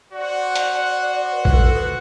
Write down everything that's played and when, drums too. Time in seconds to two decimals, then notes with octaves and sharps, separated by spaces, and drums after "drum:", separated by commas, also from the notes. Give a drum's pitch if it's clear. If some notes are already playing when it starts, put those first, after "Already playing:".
0.12 F#4 C5 D5 F#5
0.56 drum: hi-hat
1.33 B4
1.45 B4, drum: kick
1.54 A4
1.74 B4